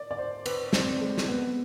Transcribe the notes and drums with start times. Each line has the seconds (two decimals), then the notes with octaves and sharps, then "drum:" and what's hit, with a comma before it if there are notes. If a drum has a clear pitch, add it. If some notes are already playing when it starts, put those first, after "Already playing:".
Already playing: D5
0.11 D5
0.18 C5
0.46 B4, drum: cymbal
0.73 C4, drum: snare
1.01 G#3
1.18 drum: snare
1.28 B3